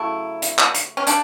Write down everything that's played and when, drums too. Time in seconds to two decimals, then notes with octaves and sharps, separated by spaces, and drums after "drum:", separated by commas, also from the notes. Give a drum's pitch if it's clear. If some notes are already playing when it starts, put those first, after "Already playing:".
Already playing: C#3 F#3 A3 E4
0.42 drum: hi-hat
0.58 drum: clap
0.75 drum: hi-hat
0.97 C#4
1.07 C#3 D4, drum: hi-hat